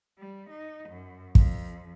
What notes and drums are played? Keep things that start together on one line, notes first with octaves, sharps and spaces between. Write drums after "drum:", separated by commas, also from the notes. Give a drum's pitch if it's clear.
G3
D#4
F#2
F2, drum: kick